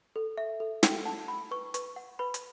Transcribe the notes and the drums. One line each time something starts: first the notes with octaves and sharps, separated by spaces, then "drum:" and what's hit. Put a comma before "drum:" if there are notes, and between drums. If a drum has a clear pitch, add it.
A4
E5
A4
F#5 G5, drum: snare
F#5 A5
F#5 B5
B4 C#6
B4 C#6, drum: hi-hat
F#5
B4 B5
drum: hi-hat